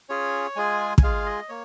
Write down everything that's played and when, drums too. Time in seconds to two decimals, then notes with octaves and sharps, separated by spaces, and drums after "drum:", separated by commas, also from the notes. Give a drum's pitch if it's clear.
0.09 C#4 F4 G#4 C#5
0.56 G#3 F4 G#4 G#5
0.98 G#5, drum: kick
1.03 G#3 F4 G#4 F5
1.26 D#5
1.49 A#3 C#5